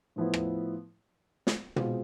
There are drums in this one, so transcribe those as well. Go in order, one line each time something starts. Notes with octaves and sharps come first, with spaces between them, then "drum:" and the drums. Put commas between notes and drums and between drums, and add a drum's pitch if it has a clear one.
A2 F3 B3 E4
drum: rim click
drum: snare
B2 G#3 C4 F4, drum: tom